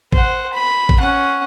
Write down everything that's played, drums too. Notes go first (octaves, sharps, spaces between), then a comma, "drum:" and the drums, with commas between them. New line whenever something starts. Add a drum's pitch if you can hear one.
C5 F#5, drum: kick G#1
B5
drum: kick G#1
C#4 F#5